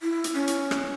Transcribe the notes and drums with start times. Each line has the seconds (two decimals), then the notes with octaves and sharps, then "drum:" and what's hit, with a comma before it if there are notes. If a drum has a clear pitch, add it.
0.01 E4
0.24 drum: hi-hat
0.34 C#4
0.48 drum: hi-hat
0.71 drum: rim click